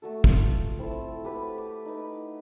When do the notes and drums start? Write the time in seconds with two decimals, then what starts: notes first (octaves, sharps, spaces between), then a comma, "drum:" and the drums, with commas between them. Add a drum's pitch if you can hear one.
0.02 A3 F#4 A4
0.24 F4, drum: kick
0.79 C4 E4 A4
1.23 F#4 G4 B4
1.58 D6
1.85 D#4 B4